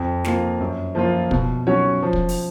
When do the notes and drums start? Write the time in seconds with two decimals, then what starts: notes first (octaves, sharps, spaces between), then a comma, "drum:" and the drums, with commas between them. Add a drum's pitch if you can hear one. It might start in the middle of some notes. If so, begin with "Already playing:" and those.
Already playing: F2
0.24 F3 A#3 F4, drum: snare
0.61 F#2
0.95 F3 A#3 F4
1.31 B2, drum: kick
1.67 F#3 C#4 F#4 C#5
2.03 F3
2.13 drum: kick
2.29 drum: open hi-hat